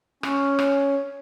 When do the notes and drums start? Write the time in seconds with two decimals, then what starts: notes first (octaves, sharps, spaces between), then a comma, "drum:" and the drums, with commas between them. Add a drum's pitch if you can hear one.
0.23 C#4, drum: rim click
0.59 drum: rim click